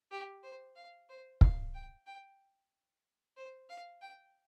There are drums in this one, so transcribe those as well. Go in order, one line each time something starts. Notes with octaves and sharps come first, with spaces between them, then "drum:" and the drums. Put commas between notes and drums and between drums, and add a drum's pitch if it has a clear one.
G4
C5
F5
C5
F5, drum: kick
G5
G5
C5
F5
G5